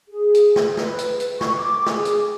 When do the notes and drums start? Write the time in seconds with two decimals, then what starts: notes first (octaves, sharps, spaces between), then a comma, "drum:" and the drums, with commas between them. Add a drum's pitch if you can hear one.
0.09 G#4
0.35 drum: hi-hat
0.56 drum: snare
0.77 B4, drum: snare
0.99 drum: hi-hat
1.20 drum: hi-hat
1.41 C#6, drum: snare
1.59 D6
1.86 G#4, drum: snare
2.05 drum: hi-hat